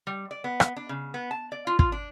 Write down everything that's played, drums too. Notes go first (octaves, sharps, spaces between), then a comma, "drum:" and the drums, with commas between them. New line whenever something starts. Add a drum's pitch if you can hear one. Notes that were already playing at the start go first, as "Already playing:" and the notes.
G3
D5
B3
drum: rim click
D4
C#3
B3
A5
D5
F4
F4, drum: kick
D4